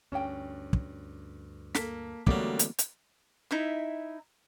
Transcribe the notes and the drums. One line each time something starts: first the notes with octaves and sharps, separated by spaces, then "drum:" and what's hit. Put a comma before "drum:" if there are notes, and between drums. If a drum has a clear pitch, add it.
D2 G2 C#4 G5
drum: kick
A#3 A4 B6, drum: snare
D2 E3 F#3 G3 A#3 B3 C#4 D6, drum: kick
drum: hi-hat
drum: hi-hat
D#4 E4 E5